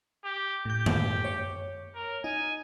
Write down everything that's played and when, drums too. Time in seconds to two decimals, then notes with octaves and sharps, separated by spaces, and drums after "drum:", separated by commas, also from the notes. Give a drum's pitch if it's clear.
0.24 G4
0.65 A2 G4 G6
0.86 drum: tom F#2
1.24 C#5
1.95 A#4
2.24 D#4 G#5